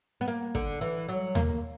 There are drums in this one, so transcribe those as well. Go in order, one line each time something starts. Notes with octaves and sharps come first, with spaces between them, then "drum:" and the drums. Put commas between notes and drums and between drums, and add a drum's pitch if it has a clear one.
B3
A#3
D3, drum: kick
E3
F#3
A#3, drum: tom D#2